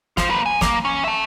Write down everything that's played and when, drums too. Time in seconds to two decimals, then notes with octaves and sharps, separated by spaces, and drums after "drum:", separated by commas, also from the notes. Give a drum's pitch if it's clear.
0.17 F4 C5, drum: snare
0.30 A#3 B4
0.46 G#5
0.61 A#3, drum: snare
0.85 C#4
1.04 E5 A5